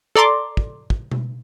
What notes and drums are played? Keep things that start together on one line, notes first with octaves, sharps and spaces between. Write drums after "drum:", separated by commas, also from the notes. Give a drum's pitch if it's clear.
A4 D5 A#5 C6 D6
drum: kick
drum: kick
drum: tom B2